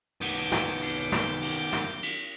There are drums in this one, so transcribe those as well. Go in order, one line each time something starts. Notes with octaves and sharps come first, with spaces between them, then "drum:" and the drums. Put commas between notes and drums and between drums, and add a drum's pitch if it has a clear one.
D#3 B3 D6 G6, drum: cymbal
drum: snare
drum: cymbal
drum: snare
drum: cymbal
drum: snare
drum: cymbal